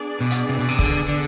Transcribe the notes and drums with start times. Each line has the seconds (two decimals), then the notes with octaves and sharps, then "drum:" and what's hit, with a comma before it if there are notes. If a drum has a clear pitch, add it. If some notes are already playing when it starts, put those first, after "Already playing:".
Already playing: B3 D4 G#4 D5
0.21 B2
0.30 drum: hi-hat
0.49 C3
0.59 B2
0.69 C3
0.79 D3, drum: kick
1.08 D3